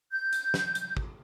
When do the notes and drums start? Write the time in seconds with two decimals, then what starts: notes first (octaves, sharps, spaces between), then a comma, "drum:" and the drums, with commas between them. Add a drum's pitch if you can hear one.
0.11 G6
0.33 drum: hi-hat
0.54 drum: snare
0.75 drum: hi-hat
0.97 drum: kick